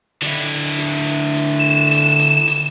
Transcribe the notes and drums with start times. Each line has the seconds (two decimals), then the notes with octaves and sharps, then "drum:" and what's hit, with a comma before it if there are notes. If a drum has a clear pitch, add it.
0.22 D3 E4, drum: hi-hat
0.78 drum: hi-hat
1.07 drum: hi-hat
1.35 drum: hi-hat
1.59 E7
1.91 drum: hi-hat
2.19 drum: hi-hat
2.47 drum: hi-hat